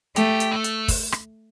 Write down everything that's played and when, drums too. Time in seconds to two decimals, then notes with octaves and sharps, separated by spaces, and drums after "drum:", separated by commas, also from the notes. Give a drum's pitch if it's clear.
0.16 A3 G4, drum: hi-hat
0.40 drum: hi-hat
0.52 A3
0.64 drum: hi-hat
0.88 drum: kick, open hi-hat
1.12 drum: rim click